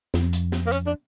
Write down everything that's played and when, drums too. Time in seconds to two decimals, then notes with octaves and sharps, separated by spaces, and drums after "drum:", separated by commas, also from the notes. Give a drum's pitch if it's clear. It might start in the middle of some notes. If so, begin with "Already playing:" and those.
0.14 F2, drum: snare
0.33 drum: hi-hat
0.52 drum: snare
0.67 A#3
0.72 C#4, drum: hi-hat
0.87 D4